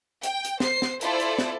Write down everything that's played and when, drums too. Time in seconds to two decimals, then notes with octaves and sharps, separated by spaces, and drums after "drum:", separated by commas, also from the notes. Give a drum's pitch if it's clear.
0.23 G5, drum: hi-hat
0.44 drum: hi-hat
0.60 C5 C7, drum: snare
0.82 drum: snare
1.01 E4 F4 A4 C5 D5, drum: hi-hat
1.20 drum: hi-hat
1.38 drum: snare